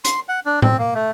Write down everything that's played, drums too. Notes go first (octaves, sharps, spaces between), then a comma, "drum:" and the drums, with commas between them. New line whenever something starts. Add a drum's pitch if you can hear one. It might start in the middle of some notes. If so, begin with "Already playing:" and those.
C6, drum: hi-hat
F#5
D4
C4, drum: tom A2
A#3
A3